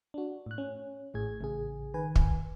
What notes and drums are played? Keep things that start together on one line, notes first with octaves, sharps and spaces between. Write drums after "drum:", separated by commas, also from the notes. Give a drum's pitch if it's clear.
D4 F#4
A2 F#6
C#4
A1 A2 G#4 G#6
A1 C#3 G#4
D#3 B4 G#5
drum: kick